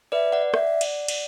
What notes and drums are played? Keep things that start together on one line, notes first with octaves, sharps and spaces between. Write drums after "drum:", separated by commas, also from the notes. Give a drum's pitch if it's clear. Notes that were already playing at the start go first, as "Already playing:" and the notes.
B4 D5 E5
D5 F#5
E5, drum: rim click
drum: cymbal
drum: cymbal